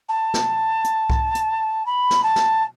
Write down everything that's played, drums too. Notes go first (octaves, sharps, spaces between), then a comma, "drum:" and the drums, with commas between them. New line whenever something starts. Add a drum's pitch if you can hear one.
A5
drum: snare
drum: hi-hat
drum: kick C2
drum: hi-hat
B5
drum: snare
A5
drum: snare